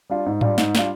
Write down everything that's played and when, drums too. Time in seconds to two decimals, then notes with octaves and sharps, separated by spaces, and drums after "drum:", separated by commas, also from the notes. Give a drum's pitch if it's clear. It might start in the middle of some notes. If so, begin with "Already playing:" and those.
0.10 G3 D4 F4
0.26 G#2
0.41 G3 D4 F4, drum: tom G#2
0.58 G#2, drum: snare
0.75 G3 D4 F4, drum: snare